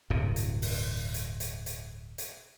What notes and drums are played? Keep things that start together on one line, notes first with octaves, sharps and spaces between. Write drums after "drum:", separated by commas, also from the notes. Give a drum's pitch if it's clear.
D1 G2 C3
drum: hi-hat
drum: open hi-hat
drum: hi-hat
drum: hi-hat
drum: hi-hat
drum: hi-hat